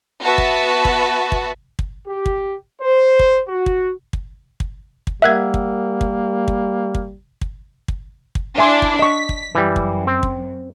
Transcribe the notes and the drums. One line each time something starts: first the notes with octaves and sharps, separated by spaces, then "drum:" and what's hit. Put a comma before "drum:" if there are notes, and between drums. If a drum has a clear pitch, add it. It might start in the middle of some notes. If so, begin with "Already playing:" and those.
B3 F#4 B4 E5 A5
drum: kick
drum: kick
drum: kick
drum: kick
G4
drum: kick
C5
drum: kick
F#4
drum: kick
drum: kick
drum: kick
drum: kick
G3 A#3 A#4 E5 F#5 E6 F#6 G#6
drum: kick
drum: kick
drum: kick
drum: kick
drum: kick
drum: kick
drum: kick
D4 E4 E5 G#5 C6
drum: kick
D#5 C#6 B6
drum: kick
F#2 E3 G3
drum: kick
C4
drum: kick